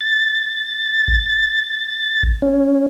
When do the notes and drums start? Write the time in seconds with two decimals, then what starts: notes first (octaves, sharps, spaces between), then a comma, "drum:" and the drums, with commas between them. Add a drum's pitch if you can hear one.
0.01 A6
1.08 drum: kick G#1
2.23 drum: kick G#1
2.42 C#4